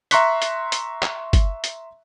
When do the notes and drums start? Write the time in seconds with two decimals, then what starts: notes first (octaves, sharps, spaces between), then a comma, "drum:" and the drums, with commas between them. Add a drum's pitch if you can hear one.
0.11 E5 A#5 C6 C#6 F#6 B6, drum: hi-hat
0.42 drum: hi-hat
0.72 drum: hi-hat
1.03 drum: clap
1.33 drum: kick, hi-hat
1.64 drum: hi-hat